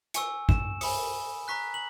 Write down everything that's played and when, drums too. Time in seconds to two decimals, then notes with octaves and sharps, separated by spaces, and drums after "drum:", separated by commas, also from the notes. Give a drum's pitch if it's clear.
0.14 G#5 C#6 E6 C#7, drum: hi-hat
0.49 E7, drum: kick
0.81 G#5 B5 D#6 C#7, drum: open hi-hat
1.48 A#5 C#6 F#6 B6
1.74 F#7